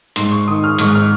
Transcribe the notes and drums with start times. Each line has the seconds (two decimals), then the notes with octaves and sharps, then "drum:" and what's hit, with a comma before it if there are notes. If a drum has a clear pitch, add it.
0.16 G#2 C6, drum: hi-hat
0.32 C#6
0.48 D#3 D#6
0.64 F6
0.79 G#2 C#6, drum: hi-hat
0.95 F6